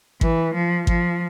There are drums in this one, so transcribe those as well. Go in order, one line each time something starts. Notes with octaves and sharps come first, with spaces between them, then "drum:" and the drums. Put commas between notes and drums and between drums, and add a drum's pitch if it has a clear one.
E3, drum: kick G#1
F3
F3, drum: kick G#1